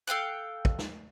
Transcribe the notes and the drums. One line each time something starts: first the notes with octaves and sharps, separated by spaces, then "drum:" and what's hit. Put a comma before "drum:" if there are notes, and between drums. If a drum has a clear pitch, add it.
A4 F5 G5 F#6
drum: kick
drum: snare